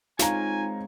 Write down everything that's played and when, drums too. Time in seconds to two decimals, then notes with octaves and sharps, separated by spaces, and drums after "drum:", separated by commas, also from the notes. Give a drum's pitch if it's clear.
0.19 G#3 C4 D#4 F4 C#5 F5 G#5 A#5, drum: snare